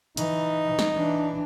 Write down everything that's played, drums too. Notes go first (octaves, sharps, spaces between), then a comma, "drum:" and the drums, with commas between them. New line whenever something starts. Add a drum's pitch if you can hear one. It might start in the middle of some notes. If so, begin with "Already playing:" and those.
E3 D#4, drum: hi-hat
drum: snare
E3 D4